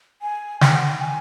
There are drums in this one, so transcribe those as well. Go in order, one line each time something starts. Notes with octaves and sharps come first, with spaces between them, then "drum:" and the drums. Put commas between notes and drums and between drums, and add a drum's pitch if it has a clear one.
G#5
G5, drum: snare
F#5
G5
G#5